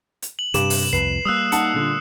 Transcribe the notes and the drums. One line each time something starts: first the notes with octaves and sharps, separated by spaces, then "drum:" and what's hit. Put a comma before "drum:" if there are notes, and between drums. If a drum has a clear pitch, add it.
drum: hi-hat
F#7
G2 C3 G4 D6 E7, drum: hi-hat
drum: open hi-hat
C2 F2 B4 C7
G3 A#3 D#6 E6 F#6
D#4 F#5 A5 C#7, drum: hi-hat
A#2 D3